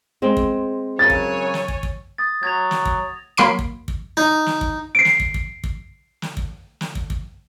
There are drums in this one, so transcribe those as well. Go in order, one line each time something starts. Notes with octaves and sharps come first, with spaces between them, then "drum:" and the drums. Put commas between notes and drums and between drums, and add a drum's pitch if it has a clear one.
G#3 C4
drum: kick
F#2 C#3 F#3 C#5 G#5 A6
drum: kick
drum: snare
drum: kick
drum: kick
D#6 A6
F#3 G#6 A#6 F7
drum: snare
drum: kick
F#3 A#3 B5 C6 C7 D7
drum: kick
drum: kick
D#4
drum: snare
drum: kick
C7 D7
drum: snare
drum: kick
drum: kick
drum: kick
drum: snare
drum: kick
drum: snare
drum: kick
drum: kick